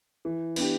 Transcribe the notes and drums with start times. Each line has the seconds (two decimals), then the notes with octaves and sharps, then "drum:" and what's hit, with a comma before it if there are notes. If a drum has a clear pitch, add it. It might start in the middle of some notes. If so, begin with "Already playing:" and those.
0.25 E3
0.56 B3 D4 G4, drum: cymbal